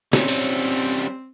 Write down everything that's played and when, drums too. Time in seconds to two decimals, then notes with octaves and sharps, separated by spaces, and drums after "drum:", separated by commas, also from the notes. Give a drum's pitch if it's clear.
0.13 G3 C4 C#4, drum: snare
0.28 drum: open hi-hat